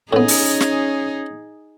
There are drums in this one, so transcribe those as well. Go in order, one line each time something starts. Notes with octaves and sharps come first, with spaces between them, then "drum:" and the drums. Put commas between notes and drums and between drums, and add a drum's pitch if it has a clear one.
A2 B3 C#4 D#4 G#4
drum: open hi-hat
drum: snare